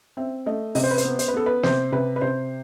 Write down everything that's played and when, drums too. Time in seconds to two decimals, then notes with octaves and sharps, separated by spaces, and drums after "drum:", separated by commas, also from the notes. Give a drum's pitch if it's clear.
0.17 C4 E5
0.46 A3 D#5
0.75 C3 D#5, drum: open hi-hat
0.84 C5
0.91 B4
0.98 C5, drum: hi-hat
1.04 B3
1.19 C5, drum: hi-hat
1.28 B4
1.34 B3 A4
1.46 B4
1.63 C3 C5, drum: snare
1.92 C3 B4
2.16 B4
2.21 C3 C5